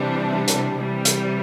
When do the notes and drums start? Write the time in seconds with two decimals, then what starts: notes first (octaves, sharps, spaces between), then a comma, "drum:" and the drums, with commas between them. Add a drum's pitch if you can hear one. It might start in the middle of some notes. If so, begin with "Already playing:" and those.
Already playing: C3 E3 G3 D4
0.48 drum: hi-hat
0.76 C3 E3 G3
1.05 drum: hi-hat